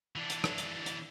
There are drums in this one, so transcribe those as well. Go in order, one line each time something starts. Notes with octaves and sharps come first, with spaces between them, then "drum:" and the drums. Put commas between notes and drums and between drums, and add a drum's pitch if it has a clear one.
E3 D4
drum: hi-hat
drum: rim click
drum: hi-hat
drum: hi-hat